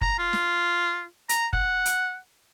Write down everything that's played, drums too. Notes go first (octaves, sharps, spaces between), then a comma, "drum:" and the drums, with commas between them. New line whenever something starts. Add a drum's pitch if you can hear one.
A#5, drum: kick
F4
drum: snare
A#5, drum: hi-hat
F#5, drum: kick
drum: hi-hat